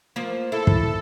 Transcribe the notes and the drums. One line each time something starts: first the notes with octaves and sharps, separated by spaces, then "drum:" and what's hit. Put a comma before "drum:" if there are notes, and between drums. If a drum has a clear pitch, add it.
F3 A#3
E4 A4
drum: kick